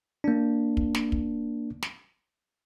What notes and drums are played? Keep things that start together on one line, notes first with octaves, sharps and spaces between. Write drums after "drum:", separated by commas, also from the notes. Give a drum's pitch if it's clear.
A#3 D4
drum: kick
drum: snare
drum: kick
drum: snare